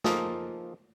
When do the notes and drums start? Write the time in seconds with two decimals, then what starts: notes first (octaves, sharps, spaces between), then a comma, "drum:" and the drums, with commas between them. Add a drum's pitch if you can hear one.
0.04 F3 A#3 D#4 F4 G#4 A4, drum: snare